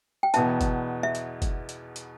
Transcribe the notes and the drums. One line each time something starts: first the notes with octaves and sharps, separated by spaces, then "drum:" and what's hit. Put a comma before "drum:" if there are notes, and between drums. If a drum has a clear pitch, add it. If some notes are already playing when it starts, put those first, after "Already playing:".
G5
E2 B2 B3 E5 A5, drum: hi-hat
drum: kick, hi-hat
E5
drum: hi-hat
drum: kick, hi-hat
drum: hi-hat
drum: hi-hat